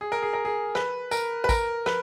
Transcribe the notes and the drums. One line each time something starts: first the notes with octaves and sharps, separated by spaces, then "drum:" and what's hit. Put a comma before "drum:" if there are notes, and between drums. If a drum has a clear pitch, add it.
G#4
A#4
G#4
A#4
G#4
B4, drum: rim click
A#4, drum: tambourine
B4
A#4, drum: kick, tambourine
B4, drum: rim click